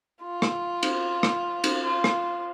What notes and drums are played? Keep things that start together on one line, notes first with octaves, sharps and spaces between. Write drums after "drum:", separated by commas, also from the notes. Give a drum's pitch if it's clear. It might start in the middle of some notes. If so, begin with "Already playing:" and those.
F4
drum: rim click
drum: cymbal
drum: rim click
drum: cymbal
F4
drum: rim click